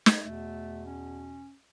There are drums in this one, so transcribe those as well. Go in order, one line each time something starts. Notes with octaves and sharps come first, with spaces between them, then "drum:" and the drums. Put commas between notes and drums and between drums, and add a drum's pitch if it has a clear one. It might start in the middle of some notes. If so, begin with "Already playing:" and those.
drum: snare
E2 B2 A3
C#4